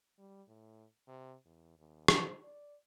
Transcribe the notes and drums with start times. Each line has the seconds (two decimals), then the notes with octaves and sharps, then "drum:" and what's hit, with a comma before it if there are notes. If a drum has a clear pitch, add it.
0.18 G3
0.48 A2
1.08 C3
1.46 E2
1.78 D#2
2.08 C5, drum: rim click
2.44 D5